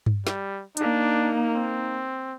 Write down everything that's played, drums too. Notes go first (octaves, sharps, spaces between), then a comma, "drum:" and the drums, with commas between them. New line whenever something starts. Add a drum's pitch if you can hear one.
drum: tom G2
G3, drum: snare
A#3 D4 D#4, drum: hi-hat
C4